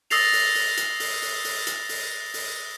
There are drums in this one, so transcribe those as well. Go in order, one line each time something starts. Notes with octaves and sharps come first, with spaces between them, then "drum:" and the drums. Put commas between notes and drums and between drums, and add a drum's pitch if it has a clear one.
D#6 E6 A6 A#6 C7 F7, drum: open hi-hat
drum: open hi-hat
drum: open hi-hat
drum: hi-hat
drum: open hi-hat
drum: open hi-hat
drum: open hi-hat
drum: hi-hat
drum: open hi-hat
drum: open hi-hat